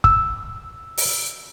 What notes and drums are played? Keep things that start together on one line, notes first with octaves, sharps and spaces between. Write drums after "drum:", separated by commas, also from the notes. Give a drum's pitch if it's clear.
E6, drum: kick
drum: open hi-hat